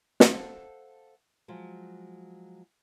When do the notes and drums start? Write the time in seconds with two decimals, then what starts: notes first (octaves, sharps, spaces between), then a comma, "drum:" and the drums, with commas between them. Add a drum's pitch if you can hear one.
0.20 A4 C5 F5 F#5 A5, drum: snare
1.48 F3 F#3 G#3